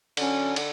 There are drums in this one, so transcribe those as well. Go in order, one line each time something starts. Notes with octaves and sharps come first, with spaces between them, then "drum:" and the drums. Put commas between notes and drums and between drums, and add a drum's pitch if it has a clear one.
D3 F#3 C#4, drum: cymbal
D3, drum: cymbal